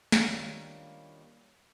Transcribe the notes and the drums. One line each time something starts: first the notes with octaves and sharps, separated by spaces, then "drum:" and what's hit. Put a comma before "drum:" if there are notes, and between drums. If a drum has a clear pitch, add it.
D#3 G3 A#3 C#4 D4 F4, drum: snare